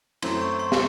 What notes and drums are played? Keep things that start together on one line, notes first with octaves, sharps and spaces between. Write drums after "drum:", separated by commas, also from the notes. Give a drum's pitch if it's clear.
F#2 E3 A3 C4 C6, drum: cymbal
C#6
C6
drum: snare